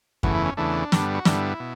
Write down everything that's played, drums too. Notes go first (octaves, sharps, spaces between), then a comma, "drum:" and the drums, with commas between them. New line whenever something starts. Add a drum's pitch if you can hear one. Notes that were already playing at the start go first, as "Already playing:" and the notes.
E2 C#3 E3 A3 F#4, drum: kick F#2
E4
C#4
E2 C#3 E3 A3 D4
G2 D3 G3 B3, drum: snare
F#4
G2 D3 G3 B3 E4, drum: snare
B2